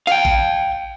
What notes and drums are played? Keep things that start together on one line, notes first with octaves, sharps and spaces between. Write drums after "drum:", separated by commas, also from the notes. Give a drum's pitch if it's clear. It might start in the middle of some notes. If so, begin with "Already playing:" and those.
F5 G5, drum: snare
drum: kick A1